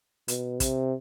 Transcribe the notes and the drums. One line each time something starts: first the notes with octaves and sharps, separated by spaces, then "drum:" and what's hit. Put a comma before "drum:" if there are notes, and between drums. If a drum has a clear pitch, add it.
B2, drum: hi-hat
C3, drum: kick, hi-hat